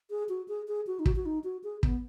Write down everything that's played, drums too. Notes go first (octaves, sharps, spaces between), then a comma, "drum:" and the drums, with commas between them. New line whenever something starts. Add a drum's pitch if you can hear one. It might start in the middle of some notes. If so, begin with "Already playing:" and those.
G#4
F#4
G#4
G#4
F#4
D#4
F#4, drum: kick
F#4
D#4
F#4
G#4
B3, drum: kick